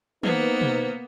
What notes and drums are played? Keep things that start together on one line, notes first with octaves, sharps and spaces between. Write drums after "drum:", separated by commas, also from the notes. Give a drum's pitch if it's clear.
A#3 B3 D#4 B4 C5, drum: tom
drum: tom B2